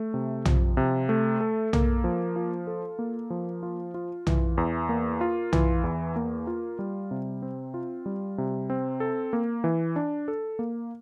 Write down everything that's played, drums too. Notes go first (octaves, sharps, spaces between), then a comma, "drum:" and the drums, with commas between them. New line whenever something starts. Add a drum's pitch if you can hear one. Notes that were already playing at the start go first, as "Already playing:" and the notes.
Already playing: A3
C3
F3, drum: tom B1
C3
A3
A4
A#3, drum: tom B1
F3
F4
A4
A#3
F3
F4
F4
E3, drum: tom B1
E2
A#3
F4
E3, drum: tom B1
E2
A#3
F4
G3
C3
C4
F4
G3
C3
C4
A4
A#3
E3
D4
A4
A#3